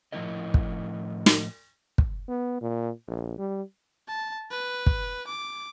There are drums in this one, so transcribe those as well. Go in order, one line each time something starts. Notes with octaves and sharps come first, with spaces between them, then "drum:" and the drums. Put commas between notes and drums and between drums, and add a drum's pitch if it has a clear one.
A2 F3 C4 E4 A#4 D#5
drum: kick
drum: snare
drum: kick
B3
A#2
A#1
G3
A5
B4
drum: kick
D6